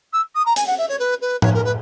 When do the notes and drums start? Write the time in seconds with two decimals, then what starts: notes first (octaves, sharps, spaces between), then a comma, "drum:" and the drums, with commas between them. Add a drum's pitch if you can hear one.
0.13 E6
0.35 D#6
0.46 A#5
0.56 G#5, drum: hi-hat
0.67 F#5
0.78 E5
0.89 C#5
0.99 B4
1.21 B4
1.42 C#5, drum: tom A2
1.54 A#4
1.64 B4